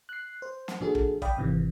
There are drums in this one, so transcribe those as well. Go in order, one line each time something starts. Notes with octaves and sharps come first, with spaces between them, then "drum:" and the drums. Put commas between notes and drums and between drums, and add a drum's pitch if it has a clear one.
F#6 C7
C5
drum: snare
A#2 F3 D4 F#4 G#4 A4
drum: kick
D5 F5 G5 B5 D#6, drum: kick
G#1 C3 D#3 E3